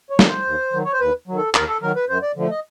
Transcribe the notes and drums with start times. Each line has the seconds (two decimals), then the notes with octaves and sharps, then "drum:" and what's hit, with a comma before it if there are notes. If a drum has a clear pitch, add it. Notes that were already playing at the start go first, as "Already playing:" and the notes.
0.10 C#5
0.19 D#3 F#3, drum: snare
0.28 C5
0.45 D#2
0.73 D#3 F#3
0.85 C#5
0.93 C5
1.00 D#2 B4
1.27 D#3 F#3
1.37 A4
1.54 D#2 A#4, drum: clap
1.68 A4
1.82 D#3 F#3 A#4
1.95 B4
2.09 F#2 C5
2.22 D5
2.36 D3 F3 A3
2.50 D#5